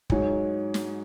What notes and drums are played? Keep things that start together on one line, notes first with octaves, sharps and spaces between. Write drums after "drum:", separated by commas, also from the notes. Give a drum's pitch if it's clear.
G#2 F#3 D#4 G#4 C#5, drum: kick
drum: snare